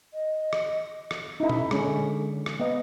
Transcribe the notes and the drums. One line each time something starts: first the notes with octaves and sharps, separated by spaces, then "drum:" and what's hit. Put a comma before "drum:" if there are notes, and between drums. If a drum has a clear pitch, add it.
D#5
drum: rim click
drum: rim click
C#4 D#4 E4
drum: tom A#2
D3 G#3 C#4, drum: rim click
drum: rim click
B3 D#5